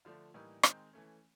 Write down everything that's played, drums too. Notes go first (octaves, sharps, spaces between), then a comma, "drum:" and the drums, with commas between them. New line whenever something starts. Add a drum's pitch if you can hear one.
D3 F3 A3 D4
A2 E3 G3 A#3 D#4
D#3 G#3 C4 D#4, drum: rim click
E3 A3 C#4